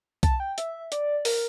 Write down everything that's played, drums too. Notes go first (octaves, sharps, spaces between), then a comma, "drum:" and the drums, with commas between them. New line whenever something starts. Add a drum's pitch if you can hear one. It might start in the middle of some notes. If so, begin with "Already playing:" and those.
A5, drum: kick B1, hi-hat
G5
E5, drum: hi-hat
D5, drum: hi-hat
A#4, drum: open hi-hat